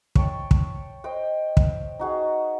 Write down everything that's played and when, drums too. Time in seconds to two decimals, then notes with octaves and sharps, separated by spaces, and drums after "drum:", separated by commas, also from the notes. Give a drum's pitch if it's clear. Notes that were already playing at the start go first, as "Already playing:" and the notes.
0.15 C#5 G5 A5 C#6, drum: kick
0.51 drum: kick
1.04 C5 D#5 G5
1.57 drum: kick
1.99 D#4 F#4 G#4